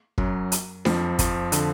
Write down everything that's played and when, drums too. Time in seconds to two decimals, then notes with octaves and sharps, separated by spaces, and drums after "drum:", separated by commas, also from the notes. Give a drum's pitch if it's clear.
0.18 F#2 F#3, drum: kick
0.52 drum: hi-hat
0.85 F2 F3, drum: snare D4
1.19 F2 F3, drum: kick, hi-hat
1.52 D3, drum: hi-hat